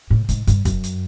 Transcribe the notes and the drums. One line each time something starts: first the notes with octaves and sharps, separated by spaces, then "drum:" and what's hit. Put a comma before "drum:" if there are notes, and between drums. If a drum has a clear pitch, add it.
A2
G#2, drum: hi-hat
G2, drum: hi-hat
F#2, drum: kick, hi-hat
drum: hi-hat